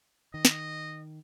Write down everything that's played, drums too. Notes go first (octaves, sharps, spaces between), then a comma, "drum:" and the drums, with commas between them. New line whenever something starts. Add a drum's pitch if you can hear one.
D#3 D#5
drum: snare